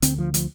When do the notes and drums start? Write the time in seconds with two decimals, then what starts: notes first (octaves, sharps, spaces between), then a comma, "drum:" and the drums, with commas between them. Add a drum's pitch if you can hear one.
0.02 D2 D3 C4, drum: hi-hat
0.18 F3
0.34 F3, drum: hi-hat